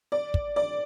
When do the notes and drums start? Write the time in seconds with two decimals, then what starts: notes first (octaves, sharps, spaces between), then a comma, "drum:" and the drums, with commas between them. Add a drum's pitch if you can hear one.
0.12 D5
0.34 drum: kick
0.56 D5